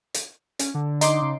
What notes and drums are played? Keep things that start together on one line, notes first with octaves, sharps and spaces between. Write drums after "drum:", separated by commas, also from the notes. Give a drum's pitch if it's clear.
drum: hi-hat
C#4, drum: hi-hat
D3
D#4 C6 D6, drum: hi-hat
C#3